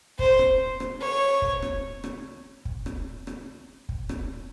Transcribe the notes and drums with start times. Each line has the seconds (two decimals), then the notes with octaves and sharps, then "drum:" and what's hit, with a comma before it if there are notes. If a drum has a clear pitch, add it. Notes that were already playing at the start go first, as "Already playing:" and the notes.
0.19 C5, drum: kick
0.39 drum: rim click
0.80 drum: rim click
1.01 C#5
1.42 drum: kick
1.62 drum: rim click
2.04 drum: rim click
2.65 drum: kick
2.86 drum: rim click
3.27 drum: rim click
3.89 drum: kick
4.09 drum: rim click